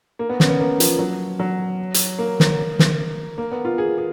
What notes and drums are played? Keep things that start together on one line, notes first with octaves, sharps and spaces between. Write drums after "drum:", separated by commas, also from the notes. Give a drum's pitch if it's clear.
A#3
B3
C#4, drum: snare
B3
A#3
F3, drum: hi-hat
F#3
F#3
drum: hi-hat
A#3
drum: snare
drum: snare
A#3
B3
F4
G#4
G#4